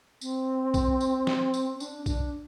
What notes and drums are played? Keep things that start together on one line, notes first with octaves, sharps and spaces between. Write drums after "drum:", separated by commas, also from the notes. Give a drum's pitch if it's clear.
C4, drum: tambourine
drum: kick A#1, tambourine
drum: tambourine
drum: snare
drum: tambourine
C4
D4, drum: tambourine
D4, drum: kick A#1, tambourine